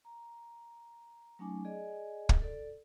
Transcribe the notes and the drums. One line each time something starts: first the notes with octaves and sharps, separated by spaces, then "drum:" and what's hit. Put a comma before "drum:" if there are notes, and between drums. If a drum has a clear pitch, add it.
A#5
F#3 A3 C#4 D#4 G#5 D6
G#4 D5 D#5 G#5
drum: kick
A4 D5